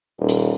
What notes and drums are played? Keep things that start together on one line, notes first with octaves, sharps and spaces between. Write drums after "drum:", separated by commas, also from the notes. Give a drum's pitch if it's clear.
D#1
drum: hi-hat